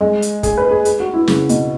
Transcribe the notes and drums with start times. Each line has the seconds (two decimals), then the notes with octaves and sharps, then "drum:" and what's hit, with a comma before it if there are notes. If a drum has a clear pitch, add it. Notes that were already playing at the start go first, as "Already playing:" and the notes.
0.01 G#3
0.22 drum: hi-hat
0.43 G#4, drum: kick, hi-hat
0.58 B4
0.71 G#4
0.85 G#4, drum: hi-hat
1.00 F#4
1.14 E4
1.28 C#3, drum: snare
1.49 B2, drum: hi-hat